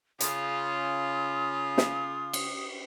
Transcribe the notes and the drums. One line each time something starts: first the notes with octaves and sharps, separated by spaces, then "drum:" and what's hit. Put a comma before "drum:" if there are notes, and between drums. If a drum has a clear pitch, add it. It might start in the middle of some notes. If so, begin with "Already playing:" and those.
C#3 F4 D#6, drum: hi-hat
drum: snare
drum: cymbal